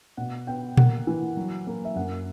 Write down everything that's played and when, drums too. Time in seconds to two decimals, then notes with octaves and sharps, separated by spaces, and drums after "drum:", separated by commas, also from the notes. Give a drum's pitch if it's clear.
0.17 B2 F#5
0.47 B3 G5
0.77 A#3 F#5, drum: tom A#2
1.07 E3
1.37 F#3
1.67 A#3
1.85 E5
1.96 F#2 F#5